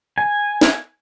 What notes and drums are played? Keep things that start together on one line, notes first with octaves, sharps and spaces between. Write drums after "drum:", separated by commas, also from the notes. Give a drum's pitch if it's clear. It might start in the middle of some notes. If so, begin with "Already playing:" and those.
G#5
drum: snare